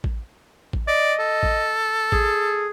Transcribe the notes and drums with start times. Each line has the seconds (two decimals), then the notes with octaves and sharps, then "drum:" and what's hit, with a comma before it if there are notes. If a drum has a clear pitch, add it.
0.04 drum: kick A1
0.73 drum: kick A1
0.88 D5 D#5
1.20 A4
1.43 drum: kick A1
2.12 G#4, drum: kick A1